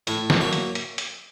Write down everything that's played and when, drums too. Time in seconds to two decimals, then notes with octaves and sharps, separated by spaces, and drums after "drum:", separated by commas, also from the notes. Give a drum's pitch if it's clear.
0.07 A2 E5, drum: hi-hat
0.30 drum: snare
0.41 F#3 A#3 E5
0.53 drum: hi-hat
0.75 drum: hi-hat
0.98 drum: hi-hat